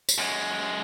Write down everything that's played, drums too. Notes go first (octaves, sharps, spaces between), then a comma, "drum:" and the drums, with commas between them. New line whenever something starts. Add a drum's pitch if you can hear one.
drum: tambourine
F#2 G#3